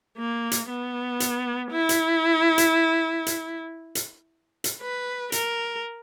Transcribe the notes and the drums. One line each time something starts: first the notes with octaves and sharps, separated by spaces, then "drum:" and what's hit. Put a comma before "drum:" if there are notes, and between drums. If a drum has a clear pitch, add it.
A#3
drum: hi-hat
B3
drum: hi-hat
E4
drum: hi-hat
drum: hi-hat
drum: hi-hat
drum: hi-hat
drum: hi-hat
B4
A#4, drum: hi-hat